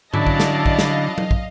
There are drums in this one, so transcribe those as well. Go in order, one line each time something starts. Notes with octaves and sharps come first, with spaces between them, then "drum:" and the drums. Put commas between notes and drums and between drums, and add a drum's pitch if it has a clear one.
D3 F#3 C#4 E4 D5 D#5 F5 A5, drum: tom G#2
drum: kick
drum: snare
drum: kick
drum: snare
drum: tom F#3
drum: kick